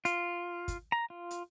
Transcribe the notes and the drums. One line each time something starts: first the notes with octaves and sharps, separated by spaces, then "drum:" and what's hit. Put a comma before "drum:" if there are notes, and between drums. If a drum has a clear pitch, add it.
F4, drum: hi-hat
drum: kick, hi-hat
A#5
F4
drum: hi-hat